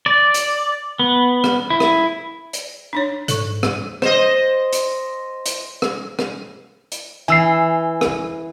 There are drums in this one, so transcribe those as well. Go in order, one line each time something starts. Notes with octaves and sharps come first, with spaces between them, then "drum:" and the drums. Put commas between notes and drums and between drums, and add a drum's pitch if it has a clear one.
D5
drum: hi-hat
B3
drum: rim click
E4
drum: rim click
drum: hi-hat
D4 D#4 C#5
G#2 A4 C#6, drum: hi-hat
drum: rim click
C5 D#5, drum: rim click
drum: hi-hat
drum: hi-hat
drum: rim click
drum: rim click
drum: hi-hat
E3 G#5 E6 C7
drum: rim click